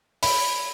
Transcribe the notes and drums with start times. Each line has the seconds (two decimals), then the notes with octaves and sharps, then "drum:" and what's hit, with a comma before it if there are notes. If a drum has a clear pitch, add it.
0.23 B5, drum: open hi-hat